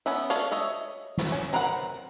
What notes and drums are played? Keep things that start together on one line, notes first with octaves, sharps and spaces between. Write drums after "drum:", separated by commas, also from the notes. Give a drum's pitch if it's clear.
B3 C#4 E5, drum: tambourine
A4 C#5 D5 F5, drum: hi-hat
C#5 D#5 E5
drum: snare
C#4
C4 A#4 B4 E5 F#5